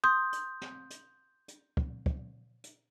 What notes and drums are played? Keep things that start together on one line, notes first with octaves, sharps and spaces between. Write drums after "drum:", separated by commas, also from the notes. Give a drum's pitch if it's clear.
C6 D#6 G6
drum: hi-hat
drum: snare
drum: hi-hat
drum: hi-hat
drum: kick
drum: kick
drum: hi-hat